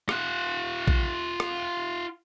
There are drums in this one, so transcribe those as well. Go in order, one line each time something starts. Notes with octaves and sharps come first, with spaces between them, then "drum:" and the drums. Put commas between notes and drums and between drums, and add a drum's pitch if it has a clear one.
F4 F#5, drum: rim click
drum: kick A#1
drum: rim click